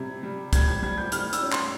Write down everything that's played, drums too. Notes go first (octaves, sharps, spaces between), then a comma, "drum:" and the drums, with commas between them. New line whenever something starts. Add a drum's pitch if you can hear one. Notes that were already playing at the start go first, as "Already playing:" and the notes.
Already playing: C3 G3 G#6
G3
G3 G#6, drum: kick, hi-hat
G#6
G3 G#6
G6
G3 F6, drum: hi-hat
E6, drum: hi-hat
C#4
C6, drum: clap